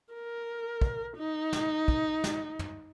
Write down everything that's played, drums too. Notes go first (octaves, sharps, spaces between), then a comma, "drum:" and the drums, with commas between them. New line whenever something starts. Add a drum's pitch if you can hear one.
A#4
drum: kick
D#4
drum: snare
drum: kick
drum: snare
drum: tom